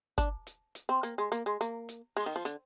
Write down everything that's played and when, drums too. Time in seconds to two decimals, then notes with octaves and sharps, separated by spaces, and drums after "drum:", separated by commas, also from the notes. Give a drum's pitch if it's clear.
0.18 D4, drum: kick G1, hi-hat
0.47 drum: hi-hat
0.75 drum: hi-hat
0.89 C4
1.03 A#3, drum: hi-hat
1.18 G#3
1.32 A#3, drum: hi-hat
1.46 G#3
1.61 A#3, drum: hi-hat
1.89 drum: hi-hat
2.17 G#3, drum: open hi-hat
2.26 D#3
2.36 F3
2.45 D3, drum: hi-hat